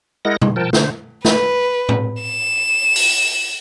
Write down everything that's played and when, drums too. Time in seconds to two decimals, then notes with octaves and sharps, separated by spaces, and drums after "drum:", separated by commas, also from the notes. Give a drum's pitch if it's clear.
0.25 G#3 E4 A#4 D#5 F#5 A#6
0.42 G#3, drum: tom B2
0.56 F3 A#4 G5 A5
0.73 D3 C5, drum: snare
1.25 B4, drum: snare
1.89 drum: tom
2.22 E7
2.96 drum: open hi-hat